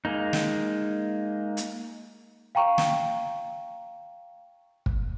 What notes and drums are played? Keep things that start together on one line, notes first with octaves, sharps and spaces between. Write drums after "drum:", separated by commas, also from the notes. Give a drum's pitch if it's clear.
G#3 A#3 D#4
drum: snare
drum: hi-hat
F5 G5 A#5 C#6
drum: snare
drum: kick